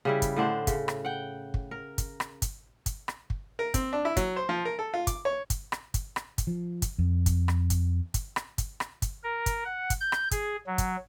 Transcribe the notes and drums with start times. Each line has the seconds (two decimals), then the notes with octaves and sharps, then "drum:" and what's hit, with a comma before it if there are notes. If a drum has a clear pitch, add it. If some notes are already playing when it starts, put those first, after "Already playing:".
0.05 C#3 G3 E4
0.22 drum: kick, hi-hat
0.36 A2 D3 D4 C5
0.67 C#3, drum: kick, hi-hat
0.88 drum: rim click
1.05 F#5 G5
1.54 drum: kick
1.71 A#4
1.98 drum: kick, hi-hat
2.20 drum: rim click
2.42 drum: kick, hi-hat
2.86 drum: kick, hi-hat
3.08 drum: rim click
3.30 drum: kick
3.59 A#4
3.74 C4, drum: kick, hi-hat
3.93 D4
4.05 E4
4.17 F#3, drum: kick, hi-hat
4.36 C5
4.49 F3
4.65 A#4
4.79 A4
4.94 F4
5.07 D6, drum: kick, hi-hat
5.25 C#5
5.50 drum: kick, hi-hat
5.72 drum: rim click
5.94 drum: kick, hi-hat
6.16 drum: rim click
6.38 drum: kick, hi-hat
6.47 F3
6.82 drum: kick, hi-hat
6.99 F2
7.26 drum: kick, hi-hat
7.48 drum: rim click
7.70 drum: kick, hi-hat
8.14 drum: kick, hi-hat
8.36 drum: rim click
8.58 drum: kick, hi-hat
8.80 drum: rim click
9.02 drum: kick, hi-hat
9.23 A#4
9.46 drum: kick, hi-hat
9.65 F#5
9.90 drum: kick, hi-hat
10.01 G6
10.12 drum: rim click
10.31 G#4, drum: kick, hi-hat
10.67 F#3
10.78 drum: kick, hi-hat